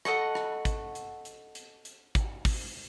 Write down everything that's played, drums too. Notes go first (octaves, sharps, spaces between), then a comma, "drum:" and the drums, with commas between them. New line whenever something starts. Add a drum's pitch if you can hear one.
A4 D#5 F#5 C#6, drum: rim click
drum: rim click
drum: kick, hi-hat
drum: hi-hat
drum: hi-hat
drum: hi-hat
drum: hi-hat
drum: kick, hi-hat
drum: kick, open hi-hat